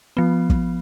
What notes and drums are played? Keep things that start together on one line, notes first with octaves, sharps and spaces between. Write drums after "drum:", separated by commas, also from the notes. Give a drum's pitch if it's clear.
F3 B3
drum: kick